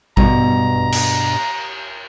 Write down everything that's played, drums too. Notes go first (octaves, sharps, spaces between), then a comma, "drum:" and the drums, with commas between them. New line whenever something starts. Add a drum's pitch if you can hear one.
G2 B2 A#5, drum: kick A1
drum: cymbal